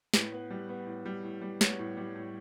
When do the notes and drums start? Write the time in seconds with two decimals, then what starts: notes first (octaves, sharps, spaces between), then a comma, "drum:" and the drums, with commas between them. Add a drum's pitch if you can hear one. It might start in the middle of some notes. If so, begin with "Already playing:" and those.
0.14 A2 B4, drum: snare
0.32 B3
0.50 G3
0.69 B3
0.87 A2
1.06 G3
1.24 A2
1.42 G3
1.61 B3 C#5, drum: snare
1.79 A2
1.97 G3
2.16 A2